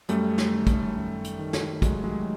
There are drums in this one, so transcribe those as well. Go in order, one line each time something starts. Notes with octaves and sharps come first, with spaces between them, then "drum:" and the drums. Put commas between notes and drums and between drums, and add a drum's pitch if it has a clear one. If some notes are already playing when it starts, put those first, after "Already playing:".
F#2 G3 A3, drum: hi-hat
drum: snare
D#3
drum: kick, hi-hat
F#2
drum: hi-hat
D#3
drum: snare
D#3 F#3 G#3, drum: kick, hi-hat
F#3 G#3